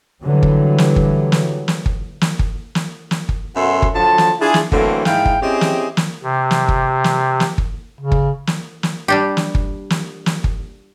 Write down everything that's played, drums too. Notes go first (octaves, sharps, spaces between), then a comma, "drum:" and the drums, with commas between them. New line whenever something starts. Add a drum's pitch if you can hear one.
D3 E3 F#3 G3
drum: kick
drum: snare
drum: kick
drum: snare
drum: snare
drum: kick
drum: snare
drum: kick
drum: snare
drum: snare
drum: kick
F#2 B2 A4 E5 F#5 C6
drum: kick
D3 F3 F#3 A5
drum: snare
D4 E4 F4 G#4
drum: snare
D3 E3 F#3 A3 A#3 C4, drum: kick
G#2 E4 F5 G5, drum: snare
drum: kick
C4 C#4 E4 G4 G#4 D#5
drum: snare
drum: snare
C3
drum: snare
drum: kick
drum: snare
drum: snare
drum: kick
C#3
drum: kick
drum: snare
drum: snare
G3 D4 G4
drum: snare
drum: kick
drum: snare
drum: snare
drum: kick